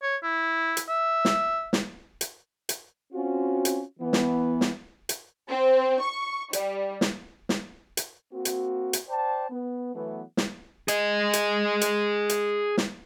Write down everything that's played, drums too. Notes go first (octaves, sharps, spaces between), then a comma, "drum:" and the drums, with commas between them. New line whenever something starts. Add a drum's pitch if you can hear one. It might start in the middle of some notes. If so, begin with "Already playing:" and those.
C#5
E4
drum: hi-hat
E5
drum: snare
drum: snare
drum: hi-hat
drum: hi-hat
C4 C#4 F4 F#4
drum: hi-hat
E3 B3
drum: snare
drum: snare
drum: hi-hat
C4
C#6
G3, drum: hi-hat
drum: snare
drum: snare
drum: hi-hat
A#3 C4 F#4
drum: hi-hat
drum: hi-hat
C5 D5 G5 A5
B3
E3 F#3 A3 B3
drum: snare
G#4 D#5, drum: hi-hat
drum: hi-hat
drum: hi-hat
drum: hi-hat
drum: snare